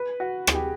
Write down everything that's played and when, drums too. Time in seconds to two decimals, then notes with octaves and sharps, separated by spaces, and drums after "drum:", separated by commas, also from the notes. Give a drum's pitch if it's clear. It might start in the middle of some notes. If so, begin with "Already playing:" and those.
Already playing: B4
0.20 F#4
0.47 G#4, drum: rim click
0.55 G4